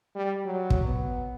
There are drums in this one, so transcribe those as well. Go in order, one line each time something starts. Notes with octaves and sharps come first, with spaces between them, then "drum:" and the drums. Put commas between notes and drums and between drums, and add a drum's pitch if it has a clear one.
G3
F#3
drum: kick
B3